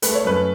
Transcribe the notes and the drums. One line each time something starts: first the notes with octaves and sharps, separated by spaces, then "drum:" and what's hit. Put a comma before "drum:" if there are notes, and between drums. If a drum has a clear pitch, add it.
A3 B4, drum: hi-hat
C#5
F#2 B4